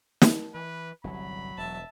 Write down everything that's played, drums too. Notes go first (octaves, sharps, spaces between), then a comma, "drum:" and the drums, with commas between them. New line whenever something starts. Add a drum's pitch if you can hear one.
drum: snare
E3 B4
G1 C2 F#3 B5
E1 E5 A5